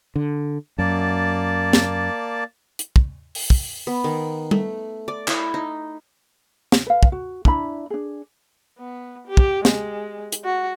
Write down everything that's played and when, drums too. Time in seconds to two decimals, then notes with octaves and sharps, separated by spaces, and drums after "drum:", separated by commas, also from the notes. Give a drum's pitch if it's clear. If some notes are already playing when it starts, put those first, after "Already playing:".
0.16 D3
0.78 F#2 A#3 D5 A5
1.73 drum: snare
2.79 drum: hi-hat
2.96 drum: kick
3.35 drum: open hi-hat
3.50 drum: kick
3.87 B3
4.04 D#3
4.51 A3, drum: tom G3
5.08 D5
5.28 E4, drum: clap
5.54 D#4
6.72 drum: snare
6.86 B4 F5
7.03 drum: kick
7.12 F#4
7.45 D4 E4 A#5 B5, drum: kick
7.90 D4 G#4
8.79 B3
9.28 G4
9.37 drum: kick
9.65 G#3, drum: snare
10.32 drum: hi-hat
10.44 F#4